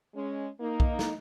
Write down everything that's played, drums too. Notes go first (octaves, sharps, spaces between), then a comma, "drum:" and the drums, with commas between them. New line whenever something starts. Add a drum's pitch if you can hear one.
G#3 C#4
A#3 D#4
drum: kick
drum: snare